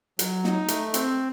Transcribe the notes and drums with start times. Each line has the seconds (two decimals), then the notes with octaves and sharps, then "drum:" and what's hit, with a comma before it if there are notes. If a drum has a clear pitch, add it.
0.19 F#3, drum: hi-hat
0.44 D#4, drum: snare
0.68 A3, drum: hi-hat
0.94 C4, drum: hi-hat